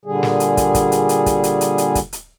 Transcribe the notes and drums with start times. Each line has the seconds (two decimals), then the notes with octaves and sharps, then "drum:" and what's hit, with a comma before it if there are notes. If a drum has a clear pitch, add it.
0.05 A#2 D3 G3 G#4
0.23 drum: snare
0.40 drum: hi-hat
0.57 drum: kick, hi-hat
0.75 drum: kick, hi-hat
0.92 drum: hi-hat
1.09 drum: hi-hat
1.26 drum: kick, hi-hat
1.44 drum: hi-hat
1.61 drum: hi-hat
1.78 drum: hi-hat
1.95 drum: kick, hi-hat
2.13 drum: hi-hat